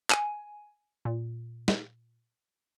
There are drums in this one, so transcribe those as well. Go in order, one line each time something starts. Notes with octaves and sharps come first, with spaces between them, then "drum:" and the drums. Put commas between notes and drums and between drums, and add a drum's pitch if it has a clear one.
G#5, drum: clap
A#2
drum: snare